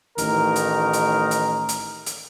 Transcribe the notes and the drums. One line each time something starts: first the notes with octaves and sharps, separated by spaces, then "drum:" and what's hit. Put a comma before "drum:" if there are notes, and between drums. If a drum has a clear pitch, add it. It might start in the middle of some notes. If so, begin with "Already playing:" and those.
A1 D#3 A#4, drum: hi-hat
drum: hi-hat
drum: hi-hat
drum: hi-hat
drum: hi-hat
drum: hi-hat